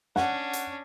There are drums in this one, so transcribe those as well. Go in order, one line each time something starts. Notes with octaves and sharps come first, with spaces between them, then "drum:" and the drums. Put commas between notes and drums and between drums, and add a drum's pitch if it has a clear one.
C#4 D4 F#5, drum: snare
drum: hi-hat